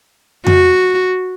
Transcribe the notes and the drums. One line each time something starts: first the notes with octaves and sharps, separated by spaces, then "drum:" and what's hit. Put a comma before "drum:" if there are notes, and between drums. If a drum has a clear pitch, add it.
F#4, drum: tom F2